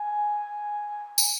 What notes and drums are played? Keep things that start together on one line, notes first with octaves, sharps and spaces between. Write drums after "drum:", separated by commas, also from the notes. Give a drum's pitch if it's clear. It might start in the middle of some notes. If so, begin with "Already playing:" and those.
Already playing: G#5
drum: tambourine